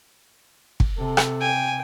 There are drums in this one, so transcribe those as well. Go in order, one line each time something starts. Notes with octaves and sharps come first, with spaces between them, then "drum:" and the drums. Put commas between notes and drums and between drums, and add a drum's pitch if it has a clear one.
drum: kick
C3 A4
drum: rim click
G5 G#5